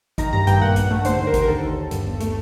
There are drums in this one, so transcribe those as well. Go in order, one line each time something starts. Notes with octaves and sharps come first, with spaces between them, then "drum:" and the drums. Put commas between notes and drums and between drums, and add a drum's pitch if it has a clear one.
D#3 A#5, drum: kick G1, hi-hat
G2 A#5
G2 G5, drum: hi-hat
A#2 F#5
A#1, drum: hi-hat
A3
D3 C5, drum: hi-hat
D#2
A#4
D#2, drum: kick G1, hi-hat
A#4
D3 A4
D#2
D#2
G2, drum: hi-hat
G1
A3, drum: hi-hat